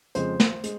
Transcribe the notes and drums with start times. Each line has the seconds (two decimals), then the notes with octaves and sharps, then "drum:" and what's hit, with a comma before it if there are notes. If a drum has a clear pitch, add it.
0.15 F2 C#3 F3 G#3 C5, drum: hi-hat
0.40 drum: snare
0.64 G#3, drum: hi-hat